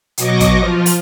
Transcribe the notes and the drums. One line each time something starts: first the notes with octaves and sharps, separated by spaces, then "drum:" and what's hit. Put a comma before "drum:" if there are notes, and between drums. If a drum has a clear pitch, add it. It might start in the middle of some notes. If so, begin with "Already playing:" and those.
B2 F#3 D#5 C#6 D6 A#6, drum: hi-hat
drum: kick, hi-hat
F3 F4
drum: open hi-hat